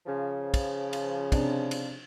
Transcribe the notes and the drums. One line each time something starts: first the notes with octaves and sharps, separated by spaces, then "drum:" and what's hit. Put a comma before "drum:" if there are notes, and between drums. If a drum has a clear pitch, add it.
C#3 F3
drum: kick, cymbal
drum: cymbal
C3 D4, drum: kick, cymbal
drum: cymbal